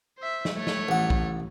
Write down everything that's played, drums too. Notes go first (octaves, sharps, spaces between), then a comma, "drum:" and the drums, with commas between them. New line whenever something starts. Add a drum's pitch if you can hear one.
C5 E5
drum: snare
A3 C#5
drum: snare
A1 F#5
drum: kick A#1